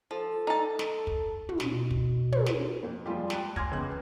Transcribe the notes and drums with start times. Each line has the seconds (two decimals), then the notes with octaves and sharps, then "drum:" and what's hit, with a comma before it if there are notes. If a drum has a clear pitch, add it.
0.11 F3 A4
0.47 D#4 A5
0.79 drum: snare
1.07 drum: kick
1.49 drum: tom
1.60 B2, drum: snare
1.91 drum: kick
2.32 drum: tom
2.46 drum: snare
2.83 F2
3.06 F3 G3 G#3 F4 G4
3.30 G5 A5 F#6, drum: snare
3.56 G#5 C6 D6 F6 G#6 A#6, drum: kick
3.72 C#2 B3 F#6